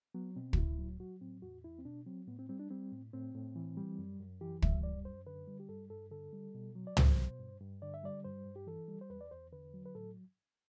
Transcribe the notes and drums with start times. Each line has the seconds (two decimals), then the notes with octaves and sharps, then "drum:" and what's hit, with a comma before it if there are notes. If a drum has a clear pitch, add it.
0.14 F#3 B3
0.36 B2 C4
0.53 F#4, drum: kick
0.57 A2 E4
0.79 F#3
1.00 F#3 F#4
1.21 A2 C4
1.42 E2 F#4
1.64 E2 E4
1.79 C4
1.85 B2 D4
2.06 F#3 C4
2.28 A2 B3
2.39 C4
2.49 G3 C4
2.59 D4
2.71 G3 C4
2.92 A2
3.13 A2 C4
3.34 A2
3.56 E3
3.77 G3
3.98 F#2
4.20 F#2
4.41 E3 G4
4.62 G3 E5, drum: kick
4.83 F#2 D5
5.05 F#2 C5
5.27 D3 B4
5.47 G3
5.60 G4
5.69 G2 A4
5.90 G2 A4
6.11 D3 A4
6.33 G3
6.54 B2
6.75 F#3
6.87 D5
6.97 F#3 C5, drum: tom
7.18 B2
7.39 G2
7.61 G2
7.82 D3 D5
7.94 E5
8.03 G3 D5
8.24 G2 C5
8.46 G2
8.56 G4
8.67 E3 A4
8.88 G3
9.01 C5
9.10 E2 B4
9.21 D5
9.31 E2 C5
9.53 D3 B4
9.74 F#3
9.86 B4
9.95 A2 A4